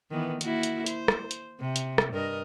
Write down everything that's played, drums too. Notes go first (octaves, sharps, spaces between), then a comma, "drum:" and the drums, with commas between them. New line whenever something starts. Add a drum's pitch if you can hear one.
D#3 E3 B3
A#3 E4 F#4, drum: hi-hat
drum: hi-hat
C5, drum: hi-hat
drum: rim click
drum: hi-hat
C3
drum: hi-hat
drum: rim click
G2 A#4 D#5